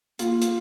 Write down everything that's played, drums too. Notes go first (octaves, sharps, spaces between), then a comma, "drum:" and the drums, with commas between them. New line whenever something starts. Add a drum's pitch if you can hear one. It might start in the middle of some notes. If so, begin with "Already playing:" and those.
A#3 F4, drum: hi-hat
drum: hi-hat